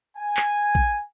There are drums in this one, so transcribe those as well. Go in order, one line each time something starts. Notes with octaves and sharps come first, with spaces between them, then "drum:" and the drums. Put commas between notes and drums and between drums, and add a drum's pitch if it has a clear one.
G#5
drum: clap
drum: kick